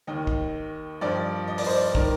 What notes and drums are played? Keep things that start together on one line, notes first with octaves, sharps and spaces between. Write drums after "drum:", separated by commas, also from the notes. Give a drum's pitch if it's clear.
D#2 D#3 D#5
drum: kick
G2 F3 D5
D#5
D5, drum: open hi-hat
C5
D5
D#3 A#4, drum: kick